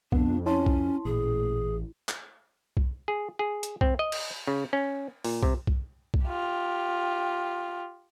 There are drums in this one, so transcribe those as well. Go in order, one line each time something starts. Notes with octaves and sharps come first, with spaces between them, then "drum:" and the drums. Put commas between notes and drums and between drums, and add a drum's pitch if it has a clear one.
F2 B2 B3 D4, drum: kick B1
C#4 E4 C#5 A5 C6
drum: kick B1
A1 A#2 G#4
drum: clap
drum: kick B1
G#4
G#4
drum: hi-hat
C4, drum: kick B1
D#5
drum: cymbal
C#3
C#4
A#2, drum: open hi-hat
C3, drum: kick B1
drum: kick B1
drum: kick B1
F4 G4